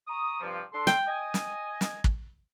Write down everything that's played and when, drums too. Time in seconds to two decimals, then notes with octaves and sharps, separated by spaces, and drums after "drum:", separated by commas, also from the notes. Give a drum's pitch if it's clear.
0.07 A#5 C#6 D#6
0.40 G2 C3 F3
0.72 D4 A4 C6
0.87 G5, drum: snare
1.06 D#5 G#5
1.34 drum: snare
1.81 drum: snare
2.04 drum: kick